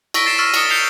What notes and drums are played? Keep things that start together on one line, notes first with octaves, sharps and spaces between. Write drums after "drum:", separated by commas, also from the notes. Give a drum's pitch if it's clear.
C#6 E6 A#6 B6 D7, drum: cymbal
A6 B6 C7 D7 E7
C#6 E6 F6 A6 B6 D#7
D#6 C#7 E7 G7, drum: cymbal
G6 C7 C#7 F7 G7